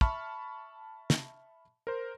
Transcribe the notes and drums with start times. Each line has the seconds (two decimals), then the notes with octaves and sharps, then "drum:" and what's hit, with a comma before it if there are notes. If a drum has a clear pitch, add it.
0.01 E5 A5 B5 C#6 F6, drum: kick
1.10 drum: snare
1.87 A#4 C5